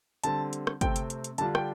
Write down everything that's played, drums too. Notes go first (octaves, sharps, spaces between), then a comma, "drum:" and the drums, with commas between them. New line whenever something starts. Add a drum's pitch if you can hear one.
D3 G3 C4 A5, drum: hi-hat
drum: hi-hat
drum: rim click
C3 A3 C4 G5, drum: kick, hi-hat
drum: hi-hat
drum: hi-hat
drum: hi-hat
D3 G3 D4 F4 A5, drum: hi-hat
G5, drum: rim click